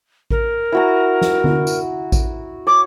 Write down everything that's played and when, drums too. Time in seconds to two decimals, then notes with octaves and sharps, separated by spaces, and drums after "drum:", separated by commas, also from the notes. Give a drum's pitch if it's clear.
0.31 A#4, drum: kick A1
0.72 E4 F#4 A#5
1.21 drum: snare
1.44 drum: tom D3
1.67 drum: tambourine
2.12 drum: kick A1, tambourine
2.67 C#5 D6